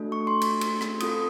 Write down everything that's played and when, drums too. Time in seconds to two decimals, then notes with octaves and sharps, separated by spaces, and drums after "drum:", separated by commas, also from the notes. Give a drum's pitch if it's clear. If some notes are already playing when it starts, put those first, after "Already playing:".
Already playing: A3 D4 F#4 A4
0.12 C#6
0.27 C6
0.41 drum: cymbal
0.61 drum: cymbal
0.81 drum: rim click
1.00 C4 F4 A4 D#6, drum: cymbal